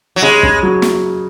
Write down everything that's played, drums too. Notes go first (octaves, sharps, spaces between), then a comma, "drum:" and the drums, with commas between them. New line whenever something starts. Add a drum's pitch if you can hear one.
F#3
C#3 G#3
C#3, drum: kick
F#3
drum: snare